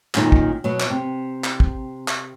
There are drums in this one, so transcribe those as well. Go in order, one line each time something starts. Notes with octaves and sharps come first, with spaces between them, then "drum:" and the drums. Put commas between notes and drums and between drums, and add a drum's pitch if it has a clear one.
F#2 A#2 D#3 C#4 D#4, drum: clap
drum: kick
B2 F#3
drum: clap
C3
drum: clap
drum: kick
drum: clap